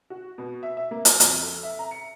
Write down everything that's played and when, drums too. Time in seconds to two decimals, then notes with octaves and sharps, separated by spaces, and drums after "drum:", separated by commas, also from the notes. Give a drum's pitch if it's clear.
0.10 F#4
0.38 B2
0.63 E5
0.77 E5
0.91 A#3
1.05 F6, drum: hi-hat
1.20 F2, drum: hi-hat
1.43 A4
1.63 E5
1.79 A#5
1.91 C#7